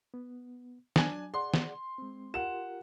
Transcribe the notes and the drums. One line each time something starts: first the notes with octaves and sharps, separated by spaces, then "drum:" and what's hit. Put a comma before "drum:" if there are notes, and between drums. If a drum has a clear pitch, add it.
B3
F#3 D4 G#5, drum: snare
G#4 D5 F#5 C6
drum: snare
G#3 C4
F4 G4 A#4 F#5 E7